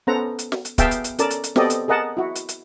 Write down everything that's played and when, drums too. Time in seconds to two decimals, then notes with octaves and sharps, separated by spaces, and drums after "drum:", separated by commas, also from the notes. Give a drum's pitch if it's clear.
0.07 B3 C#4 A4 C5 F#5 A#5
0.39 drum: hi-hat
0.52 drum: snare
0.65 drum: hi-hat
0.78 B3 G#4 E5 F5 G5 A5, drum: kick, hi-hat
0.91 drum: hi-hat
1.04 drum: hi-hat
1.19 C#4 A4 A#4 D5 A5, drum: hi-hat
1.31 drum: hi-hat
1.44 drum: hi-hat
1.56 B3 C4 G4 A4 D5 D#5, drum: snare
1.70 drum: hi-hat
1.88 G#4 A#4 D#5 F#5 A5
2.17 E4 F#4
2.36 drum: hi-hat
2.49 drum: hi-hat